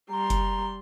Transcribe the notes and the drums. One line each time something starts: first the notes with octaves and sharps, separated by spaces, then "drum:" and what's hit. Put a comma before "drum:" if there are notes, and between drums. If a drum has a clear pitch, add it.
G3 A#5 C6
drum: kick F#1, hi-hat